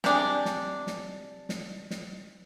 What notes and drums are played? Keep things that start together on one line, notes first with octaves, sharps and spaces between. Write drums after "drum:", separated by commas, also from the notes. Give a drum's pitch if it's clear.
C3 D4 G#4, drum: snare
drum: snare
drum: snare
drum: snare
drum: snare